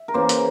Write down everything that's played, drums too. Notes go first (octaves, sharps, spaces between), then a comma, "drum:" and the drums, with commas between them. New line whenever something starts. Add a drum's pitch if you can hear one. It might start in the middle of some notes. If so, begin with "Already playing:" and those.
Already playing: E5
A#4
C#3 E3 A#3 C5
drum: hi-hat